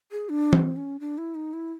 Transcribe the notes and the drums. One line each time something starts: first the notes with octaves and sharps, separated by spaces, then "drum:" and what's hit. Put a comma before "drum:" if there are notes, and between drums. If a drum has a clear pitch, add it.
G#4
D4
C4, drum: tom
C#4
D4
E4
D#4
E4